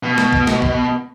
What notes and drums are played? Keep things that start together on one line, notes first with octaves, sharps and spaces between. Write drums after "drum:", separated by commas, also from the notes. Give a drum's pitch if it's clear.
B2
drum: snare
drum: kick
drum: snare
drum: kick